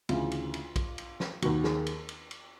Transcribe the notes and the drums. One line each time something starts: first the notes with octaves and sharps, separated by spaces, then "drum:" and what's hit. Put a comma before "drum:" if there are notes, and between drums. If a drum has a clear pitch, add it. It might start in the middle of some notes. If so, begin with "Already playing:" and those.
D2 C#3 E3 F4, drum: cymbal
drum: cymbal
drum: cymbal
drum: kick, cymbal
drum: cymbal
drum: snare
D#2 D#3 F#4, drum: cymbal
G#4, drum: snare
drum: cymbal
drum: cymbal
drum: cymbal